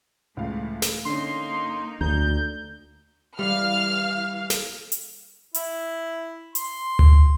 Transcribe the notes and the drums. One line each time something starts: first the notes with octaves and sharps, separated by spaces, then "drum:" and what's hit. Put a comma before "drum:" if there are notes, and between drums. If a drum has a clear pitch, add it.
C#2 A2 E3 A3 F5
drum: snare
D3 A#3 C#4 D#4 C6
D2 A#5 G6
E3 G3 F5 F6
drum: snare
drum: hi-hat
E4, drum: hi-hat
C6, drum: hi-hat
drum: tom D2